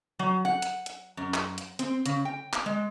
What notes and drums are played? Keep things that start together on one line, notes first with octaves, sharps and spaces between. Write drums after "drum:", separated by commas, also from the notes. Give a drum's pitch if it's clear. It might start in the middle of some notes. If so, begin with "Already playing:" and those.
F#3
F#5
drum: hi-hat
drum: hi-hat
F#2
drum: clap
drum: hi-hat
C4, drum: hi-hat
C#3, drum: hi-hat
G5
drum: clap
G#3